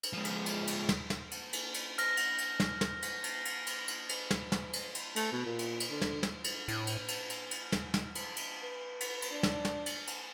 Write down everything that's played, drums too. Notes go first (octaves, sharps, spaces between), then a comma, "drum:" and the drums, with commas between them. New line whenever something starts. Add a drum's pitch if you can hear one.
drum: cymbal
F3 G#3
drum: cymbal
drum: cymbal
drum: cymbal
drum: snare
drum: snare
drum: cymbal
drum: cymbal
drum: cymbal
F6 A#6, drum: cymbal
drum: cymbal
drum: cymbal
drum: snare
drum: snare
drum: cymbal
drum: cymbal
drum: cymbal
drum: cymbal
drum: cymbal
drum: cymbal
drum: snare
drum: snare
drum: cymbal
drum: cymbal
A3, drum: cymbal
B2
A#2
drum: cymbal
drum: cymbal
D3
drum: snare
drum: snare
drum: cymbal
A2, drum: cymbal
drum: cymbal
drum: cymbal
drum: cymbal
drum: cymbal
drum: snare
drum: snare
drum: cymbal
drum: cymbal
B4
drum: cymbal
drum: cymbal
D4
drum: snare
drum: snare
drum: cymbal
drum: cymbal